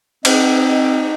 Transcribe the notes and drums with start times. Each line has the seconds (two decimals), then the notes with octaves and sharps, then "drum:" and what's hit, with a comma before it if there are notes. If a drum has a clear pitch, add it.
0.25 C4 D#4, drum: cymbal